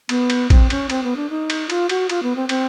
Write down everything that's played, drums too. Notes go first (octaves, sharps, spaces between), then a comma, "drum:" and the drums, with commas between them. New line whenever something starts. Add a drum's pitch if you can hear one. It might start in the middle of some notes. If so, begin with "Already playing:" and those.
B3, drum: cymbal
drum: cymbal
C4, drum: kick A1, cymbal
C#4, drum: cymbal
C4, drum: cymbal
B3
D4
D#4
drum: cymbal
F4, drum: cymbal
F#4, drum: cymbal
F4, drum: cymbal
B3
C4
C4, drum: cymbal